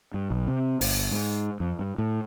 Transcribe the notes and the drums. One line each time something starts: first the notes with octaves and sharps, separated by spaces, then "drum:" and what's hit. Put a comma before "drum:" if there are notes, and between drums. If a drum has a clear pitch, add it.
G2
B1
C3
G1, drum: open hi-hat
G#2
F2
G2
A2